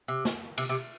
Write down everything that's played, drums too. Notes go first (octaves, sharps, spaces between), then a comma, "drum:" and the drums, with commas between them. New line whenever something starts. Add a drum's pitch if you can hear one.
C3
drum: snare
C3, drum: cymbal
C3